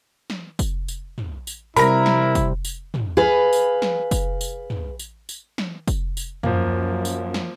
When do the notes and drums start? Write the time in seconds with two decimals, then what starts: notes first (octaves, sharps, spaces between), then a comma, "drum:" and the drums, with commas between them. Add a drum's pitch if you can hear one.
0.30 drum: snare
0.59 drum: kick, tambourine
0.88 drum: tambourine
1.18 drum: tom
1.47 drum: tambourine
1.77 C3 G3 E4 A#4 A#5 B5, drum: tambourine
2.06 drum: snare
2.35 drum: kick, tambourine
2.65 drum: tambourine
2.94 drum: tom
3.17 G#4 B4 F5
3.53 drum: tambourine
3.82 drum: snare
4.11 drum: kick, tambourine
4.41 drum: tambourine
4.70 drum: tom
4.99 drum: tambourine
5.29 drum: tambourine
5.58 drum: snare
5.88 drum: kick, tambourine
6.17 drum: tambourine
6.43 F#2 F3 A#3, drum: tom
7.05 drum: tambourine
7.34 drum: snare